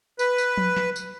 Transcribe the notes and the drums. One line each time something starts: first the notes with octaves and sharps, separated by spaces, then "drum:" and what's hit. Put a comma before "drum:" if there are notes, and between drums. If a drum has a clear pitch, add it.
B4, drum: tambourine
drum: tambourine
drum: tom F3
drum: snare
drum: tambourine